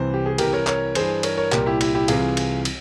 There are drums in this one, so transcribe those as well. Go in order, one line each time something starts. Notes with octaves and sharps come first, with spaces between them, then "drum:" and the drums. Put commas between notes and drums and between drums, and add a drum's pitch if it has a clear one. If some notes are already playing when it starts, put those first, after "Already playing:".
Already playing: C2 C3 E3 C5
G4
G#4
C2 C3 E3 G4 A#4, drum: cymbal
A#4 C#5
A#4 C#5, drum: clap
G2 E3 G#4 C5, drum: cymbal
A#4 C#5, drum: cymbal
A#4 C#5
C2 A#2 G4 A#4, drum: clap
E4 G4
E4 G4, drum: cymbal
E4 G4
C2 C3 E3 F4 G#4, drum: cymbal
drum: cymbal
drum: cymbal